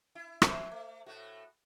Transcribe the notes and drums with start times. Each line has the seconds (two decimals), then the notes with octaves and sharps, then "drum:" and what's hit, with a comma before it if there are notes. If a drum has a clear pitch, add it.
0.15 E4
0.42 F3 C5 E5, drum: rim click
0.71 A3
1.06 A2 A3 F#4